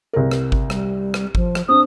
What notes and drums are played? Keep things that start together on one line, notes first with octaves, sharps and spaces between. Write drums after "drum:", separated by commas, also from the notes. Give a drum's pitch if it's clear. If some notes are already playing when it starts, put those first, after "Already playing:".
C2 A#4
drum: rim click
drum: kick G#1
G3, drum: rim click
drum: rim click
F3, drum: kick G#1
drum: rim click
C4 D4 D#6